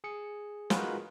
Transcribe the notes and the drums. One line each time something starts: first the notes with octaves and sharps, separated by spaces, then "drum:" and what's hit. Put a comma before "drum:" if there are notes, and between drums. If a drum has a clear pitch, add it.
G#4 C#7
D#4 F4 F#4 G#4 A#4 B4, drum: snare